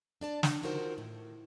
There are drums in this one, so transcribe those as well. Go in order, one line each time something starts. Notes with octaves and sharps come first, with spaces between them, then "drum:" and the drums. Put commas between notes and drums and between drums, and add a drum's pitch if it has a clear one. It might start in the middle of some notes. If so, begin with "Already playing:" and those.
D4 D5 A5
D4, drum: snare
D#4 F4 F#4 A#4 C5
A2